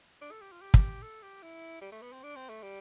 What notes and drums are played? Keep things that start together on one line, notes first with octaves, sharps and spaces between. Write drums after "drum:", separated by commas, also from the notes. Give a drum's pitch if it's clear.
D4
A4
G4
F4
G4
drum: kick
A4
G4
E4
G3
A3
B3
C4
D4
C4
A3
G3